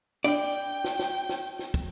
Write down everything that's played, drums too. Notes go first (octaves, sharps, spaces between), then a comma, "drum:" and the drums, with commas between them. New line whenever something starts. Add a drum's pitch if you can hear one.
D4 D5 G5
drum: snare
drum: snare
drum: snare
drum: snare
drum: kick